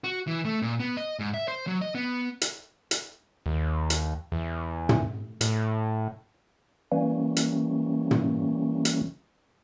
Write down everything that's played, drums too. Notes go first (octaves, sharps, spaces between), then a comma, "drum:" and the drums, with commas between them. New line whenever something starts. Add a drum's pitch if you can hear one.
F#4
E3
A3
A#2
B3
D#5
G#2
E5
C5
F#3
D#5
B3
drum: hi-hat
drum: hi-hat
D#2
drum: hi-hat
E2
drum: tom
A2, drum: hi-hat
E3 G3 A#3 C#4
drum: hi-hat
drum: tom
drum: hi-hat